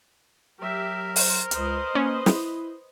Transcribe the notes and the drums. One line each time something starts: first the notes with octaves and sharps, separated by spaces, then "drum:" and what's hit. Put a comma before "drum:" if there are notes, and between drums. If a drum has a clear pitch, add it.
F#3 G4 A#4 E5
C5, drum: open hi-hat
C#2 B4 C5 D#5, drum: hi-hat
A#3 C#4
E4, drum: snare